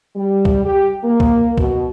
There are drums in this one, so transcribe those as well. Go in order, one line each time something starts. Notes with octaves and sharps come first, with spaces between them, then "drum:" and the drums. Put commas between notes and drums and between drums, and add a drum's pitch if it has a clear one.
G3
drum: kick C2
G4
A#3
drum: kick C2
B2, drum: kick C2